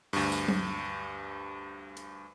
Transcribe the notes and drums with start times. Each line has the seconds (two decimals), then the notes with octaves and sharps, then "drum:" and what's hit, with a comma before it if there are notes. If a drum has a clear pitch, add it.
0.13 D2 G2, drum: open hi-hat
0.32 drum: tambourine
0.48 drum: tom F#3
1.97 drum: hi-hat